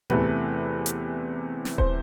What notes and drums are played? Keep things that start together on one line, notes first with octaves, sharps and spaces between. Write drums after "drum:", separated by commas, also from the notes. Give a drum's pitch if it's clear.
E2 C3 E3 A3 B4, drum: tom A2
drum: hi-hat
drum: snare
C5, drum: kick D#1